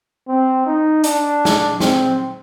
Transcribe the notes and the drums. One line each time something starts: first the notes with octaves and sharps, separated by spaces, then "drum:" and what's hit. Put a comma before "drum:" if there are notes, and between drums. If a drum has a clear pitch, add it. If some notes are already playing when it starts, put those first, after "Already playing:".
C4
D#4
D4, drum: hi-hat
drum: snare
C4, drum: snare